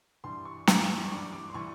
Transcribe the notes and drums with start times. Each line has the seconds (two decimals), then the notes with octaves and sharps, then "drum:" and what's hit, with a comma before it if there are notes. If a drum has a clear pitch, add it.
0.24 G2 E3 G3 C6
0.45 C#6
0.67 G2 E3 G3 D6, drum: snare
1.06 C#6
1.11 G2 E3 G3 D6
1.33 D6
1.50 C6
1.54 E3 G3 C#6